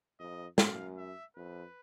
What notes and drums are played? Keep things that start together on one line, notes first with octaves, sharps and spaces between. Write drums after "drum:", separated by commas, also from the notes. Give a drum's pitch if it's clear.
F2 D#5
F#2 F5, drum: snare
E5
F2 B4